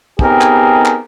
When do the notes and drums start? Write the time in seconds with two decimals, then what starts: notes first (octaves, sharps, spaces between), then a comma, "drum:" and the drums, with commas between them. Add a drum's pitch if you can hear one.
0.19 B3 C4 D#4 G4 G#4 A#4, drum: kick
0.41 drum: clap
0.85 drum: clap